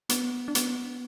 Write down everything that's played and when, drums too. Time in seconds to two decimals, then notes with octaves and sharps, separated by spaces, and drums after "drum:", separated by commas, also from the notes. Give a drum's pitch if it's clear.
0.09 B3, drum: hi-hat
0.48 D4
0.55 B3, drum: hi-hat